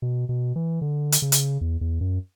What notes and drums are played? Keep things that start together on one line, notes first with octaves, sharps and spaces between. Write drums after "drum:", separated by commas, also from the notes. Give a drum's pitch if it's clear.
B2
B2
E3
D3
drum: hi-hat
C#3
drum: hi-hat
E2
E2
F#2